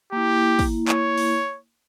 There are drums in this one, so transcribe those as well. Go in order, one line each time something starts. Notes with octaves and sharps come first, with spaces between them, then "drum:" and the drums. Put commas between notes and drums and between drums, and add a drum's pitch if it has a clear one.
A#3 E4 G4
drum: kick, open hi-hat
C#5, drum: clap
drum: open hi-hat